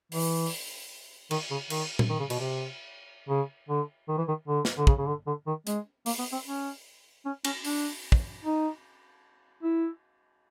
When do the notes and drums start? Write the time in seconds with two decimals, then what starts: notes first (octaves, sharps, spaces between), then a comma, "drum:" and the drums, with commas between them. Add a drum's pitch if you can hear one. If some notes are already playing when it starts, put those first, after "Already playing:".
0.12 E3, drum: open hi-hat
0.46 drum: open hi-hat
1.31 D#3, drum: cymbal
1.51 C#3
1.70 D#3, drum: cymbal
1.99 drum: tom A#2
2.09 D#3
2.19 C#3
2.30 B2, drum: cymbal
2.39 C3
3.29 C#3
3.68 D3
4.08 D#3
4.18 E3
4.28 D#3
4.48 D3
4.65 drum: snare
4.78 D3
4.87 C#3, drum: kick
4.98 C#3
5.07 D3
5.26 D3
5.47 D#3
5.67 G#3, drum: hi-hat
6.06 A#3, drum: open hi-hat
6.19 B3
6.32 C4
6.46 C#4
7.25 C#4
7.44 C#4, drum: cymbal
7.64 D4, drum: open hi-hat
8.12 drum: kick
8.44 D#4
9.63 E4